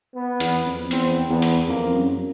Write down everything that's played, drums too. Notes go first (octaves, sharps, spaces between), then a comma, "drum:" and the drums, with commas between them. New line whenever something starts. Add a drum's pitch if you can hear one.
B3
E2, drum: hi-hat
F2
E2 C4, drum: hi-hat
E2 B3
drum: hi-hat
F2 A#3
F#2